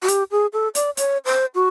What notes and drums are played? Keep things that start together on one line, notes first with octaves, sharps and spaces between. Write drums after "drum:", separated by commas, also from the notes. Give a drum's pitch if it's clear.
F#4
G4, drum: hi-hat
G#4
A4
D5, drum: hi-hat
C#5, drum: hi-hat
C5
F#4